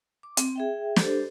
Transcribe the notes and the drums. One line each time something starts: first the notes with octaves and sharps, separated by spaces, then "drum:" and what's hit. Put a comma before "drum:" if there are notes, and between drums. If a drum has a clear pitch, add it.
D6
C4, drum: hi-hat
G#4 E5 G5
D4 G4 A4 C5, drum: snare